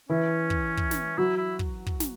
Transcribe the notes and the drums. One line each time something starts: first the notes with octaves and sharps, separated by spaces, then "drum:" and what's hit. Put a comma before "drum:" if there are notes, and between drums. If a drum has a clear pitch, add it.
E3 C#4 E4
drum: kick
drum: kick
drum: snare
F#3 E4 F#4
E4
drum: kick
drum: kick
drum: snare